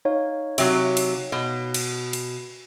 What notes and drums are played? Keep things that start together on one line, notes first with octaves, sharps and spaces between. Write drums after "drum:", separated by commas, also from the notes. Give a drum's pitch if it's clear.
D#4 C#5 F5
C3 F#3, drum: cymbal
drum: cymbal
B2
drum: cymbal
drum: cymbal